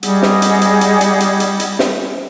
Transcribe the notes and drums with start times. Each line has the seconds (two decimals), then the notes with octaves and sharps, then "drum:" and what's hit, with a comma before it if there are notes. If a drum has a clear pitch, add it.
0.03 G3 G#4 D#5 F#5, drum: hi-hat
0.22 drum: snare
0.42 drum: hi-hat
0.61 drum: hi-hat
0.81 drum: hi-hat
1.01 drum: hi-hat
1.20 drum: hi-hat
1.40 drum: hi-hat
1.60 drum: hi-hat
1.79 drum: snare